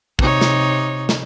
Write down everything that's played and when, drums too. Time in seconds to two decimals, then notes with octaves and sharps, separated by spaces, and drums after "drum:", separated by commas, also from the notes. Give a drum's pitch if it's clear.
0.19 C3 D#4 C#5, drum: kick
0.41 drum: snare
1.09 drum: snare